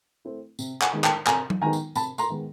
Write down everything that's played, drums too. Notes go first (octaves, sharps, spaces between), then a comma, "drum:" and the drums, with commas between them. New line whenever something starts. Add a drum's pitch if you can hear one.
A3 C4 E4
C3, drum: tambourine
F#5 G#5, drum: clap
D#3 G#3 B3 D#4
G5 A5, drum: clap
C3 G#5 A#5, drum: clap
drum: tom F#3
D#3 G#3 B3 D#4 G#5 A#5
drum: tambourine
C3 A5 B5, drum: tambourine
A#5 C6, drum: tambourine
D#3 G#3 B3